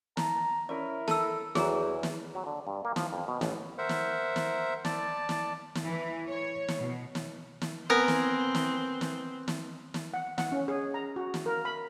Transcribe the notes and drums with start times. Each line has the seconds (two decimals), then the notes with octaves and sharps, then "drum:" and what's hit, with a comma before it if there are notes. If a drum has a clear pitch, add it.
0.17 A5 A#5, drum: snare
0.69 C#4 E4 A#4 D5 B5
1.08 A4 A5 E6, drum: snare
1.55 E2 F#3 G#4 A#5, drum: snare
2.03 drum: snare
2.35 F#3
2.46 D3
2.67 G2
2.85 A#3
2.96 F3, drum: snare
3.13 F2
3.28 B2
3.41 A1, drum: snare
3.78 A#4 C5 E5 F#5
3.89 drum: snare
4.36 drum: snare
4.85 D5 A5, drum: snare
5.29 drum: snare
5.75 drum: snare
5.86 E3
6.29 C#5
6.68 drum: snare
6.78 B2
7.15 drum: snare
7.61 drum: snare
7.90 B3 C4 A#4 G#5
8.08 drum: snare
8.55 drum: snare
9.01 drum: snare
9.48 drum: snare
9.94 drum: snare
10.14 F#5
10.38 F#5, drum: snare
10.52 C#4
10.68 G#4
10.94 A#5
11.16 F#4
11.34 drum: snare
11.46 A#4
11.65 B5